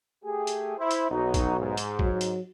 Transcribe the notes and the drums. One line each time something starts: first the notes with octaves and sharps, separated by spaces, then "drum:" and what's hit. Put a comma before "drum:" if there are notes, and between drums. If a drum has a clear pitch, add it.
A3 G4 G#4
drum: hi-hat
E4 C5
drum: hi-hat
B1 F#3 D#4 F#4
drum: kick, hi-hat
G#2
drum: hi-hat
F#3, drum: kick
drum: hi-hat